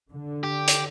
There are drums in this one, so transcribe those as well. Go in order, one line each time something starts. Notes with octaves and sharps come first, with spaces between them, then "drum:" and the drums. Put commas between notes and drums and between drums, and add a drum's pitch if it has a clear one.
D3
G4
drum: hi-hat